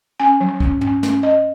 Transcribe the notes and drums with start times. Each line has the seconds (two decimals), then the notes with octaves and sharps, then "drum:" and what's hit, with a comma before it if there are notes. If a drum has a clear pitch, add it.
0.20 C#4 G#5
0.41 F#3
0.60 C#4, drum: kick
0.81 C#4, drum: tom
1.03 C#4, drum: snare
1.23 C#4 D#5